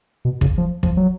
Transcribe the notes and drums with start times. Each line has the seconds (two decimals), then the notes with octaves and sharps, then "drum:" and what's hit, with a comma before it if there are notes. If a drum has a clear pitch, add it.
0.25 B2
0.41 C#3, drum: kick
0.58 F3
0.83 F3, drum: kick
0.97 F#3